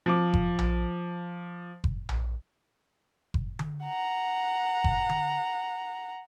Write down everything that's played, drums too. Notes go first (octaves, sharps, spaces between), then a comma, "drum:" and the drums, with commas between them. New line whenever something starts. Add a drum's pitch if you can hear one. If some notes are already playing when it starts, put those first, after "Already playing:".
F3 D6
drum: kick F#1
drum: tom A#1
drum: kick F#1
drum: tom A#1
drum: kick F#1
drum: tom D3
F#5 A#5
drum: kick F#1
drum: tom D3